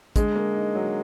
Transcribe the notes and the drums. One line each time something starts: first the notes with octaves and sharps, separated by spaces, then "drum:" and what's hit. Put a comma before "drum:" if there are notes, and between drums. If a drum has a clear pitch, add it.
D3 G#3, drum: kick, hi-hat
A#3
D#4
F#3